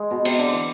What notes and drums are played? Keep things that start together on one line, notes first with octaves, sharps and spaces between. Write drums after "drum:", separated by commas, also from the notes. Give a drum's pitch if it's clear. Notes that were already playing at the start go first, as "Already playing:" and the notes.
Already playing: G#3
B2
C3, drum: cymbal
D3
E3